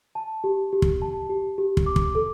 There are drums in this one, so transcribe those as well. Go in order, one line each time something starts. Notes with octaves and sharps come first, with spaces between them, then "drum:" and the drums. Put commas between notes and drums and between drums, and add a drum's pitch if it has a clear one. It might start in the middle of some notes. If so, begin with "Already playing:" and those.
A5
G4
G4
drum: kick
A5
G4
G4
drum: kick
D6
drum: kick
A4